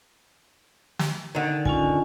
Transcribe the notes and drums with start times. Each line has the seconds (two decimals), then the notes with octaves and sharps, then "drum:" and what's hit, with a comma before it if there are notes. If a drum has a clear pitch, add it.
0.99 drum: snare
1.35 D3 D#3
1.65 C#4 F4 G#5, drum: kick